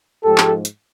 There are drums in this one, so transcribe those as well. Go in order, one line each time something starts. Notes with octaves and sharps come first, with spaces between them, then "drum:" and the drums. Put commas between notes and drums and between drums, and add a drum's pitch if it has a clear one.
G#2 F3 G#3 G4 A4
drum: clap
drum: hi-hat